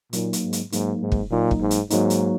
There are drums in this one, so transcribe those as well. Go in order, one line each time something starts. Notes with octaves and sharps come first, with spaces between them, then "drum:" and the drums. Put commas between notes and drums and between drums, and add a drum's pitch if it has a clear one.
A#2 F#3 A#3 D#4, drum: hi-hat
drum: hi-hat
G#2
drum: hi-hat
G#2 F#3 A#3 D#4, drum: hi-hat
G#2
drum: kick
A#2 F#3 A#3 D#4
drum: kick
G#2
drum: hi-hat
G#2 F#3 A#3 D#4, drum: hi-hat
drum: hi-hat